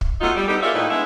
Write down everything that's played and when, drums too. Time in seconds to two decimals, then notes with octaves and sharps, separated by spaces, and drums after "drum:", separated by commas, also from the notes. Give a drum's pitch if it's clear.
0.01 drum: kick
0.21 F#3 A3 B3 D#4 F4
0.36 G3
0.48 G3 B3 D#4 G4 A4
0.62 F4 G#4 A#4 C#5 D5 E5
0.74 A2 D#3 A#3 D#4 B4
0.89 G#3 B3 D4 E4 E5